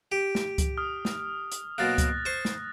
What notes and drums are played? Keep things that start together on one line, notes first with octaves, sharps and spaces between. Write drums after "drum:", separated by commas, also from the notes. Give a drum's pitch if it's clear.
G4
drum: snare
drum: kick C#2, hi-hat
D#6 F6
drum: snare
drum: hi-hat
B2 F#3 A#3 F#6 A6 A#6
drum: kick C#2, hi-hat
C5 C#6
drum: snare